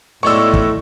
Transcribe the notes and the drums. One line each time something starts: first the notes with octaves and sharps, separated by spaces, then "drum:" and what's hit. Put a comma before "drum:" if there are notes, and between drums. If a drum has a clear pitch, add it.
B1 A2 G#3 D5 C#6 E6
drum: kick